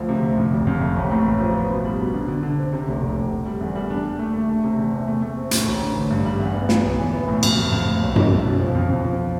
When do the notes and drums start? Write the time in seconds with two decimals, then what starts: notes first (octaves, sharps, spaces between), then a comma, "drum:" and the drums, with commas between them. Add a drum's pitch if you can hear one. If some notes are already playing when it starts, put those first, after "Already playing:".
Already playing: D2 F3
0.09 C3
0.23 D2
0.37 F2
0.53 F1
0.67 F2
0.81 A3
0.96 A1
1.11 A2
1.26 A1
1.40 F3
1.55 B3
1.70 B2
1.85 G3
1.99 B2
2.14 D3
2.28 D3
2.43 D3
2.58 C4
2.73 C3
2.88 F1
3.02 F1
3.17 F1
3.31 F1
3.46 G3
3.61 E2
3.75 G3
3.90 D4
4.05 D4
4.19 A3
4.34 A3
4.49 A3
4.64 C3
4.78 E2
4.93 A3
5.07 A3
5.22 A3
5.37 C4
5.51 A2, drum: hi-hat
5.67 A1
5.81 D3
5.96 A1
6.11 G2
6.25 G3
6.40 E2
6.54 B3
6.69 B3, drum: snare
6.83 B1
6.99 E3
7.13 B3
7.28 A2
7.43 F2, drum: cymbal
7.57 A3
7.72 F2
7.87 A3
8.01 B1
8.16 G3, drum: tom F#2
8.30 B1
8.45 B2
8.60 F3
8.75 F2
8.90 F2
9.04 F3